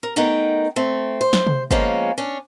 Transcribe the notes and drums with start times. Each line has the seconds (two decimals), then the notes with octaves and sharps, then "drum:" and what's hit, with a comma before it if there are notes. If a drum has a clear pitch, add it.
0.03 A#4
0.16 A3 B3 D#4 A#4 F#5 G5
0.76 A3 C4
1.21 C5
1.33 drum: snare
1.47 drum: tom C3
1.71 F3 G#3 A#3 B3 C#4, drum: kick
2.18 C#4 D4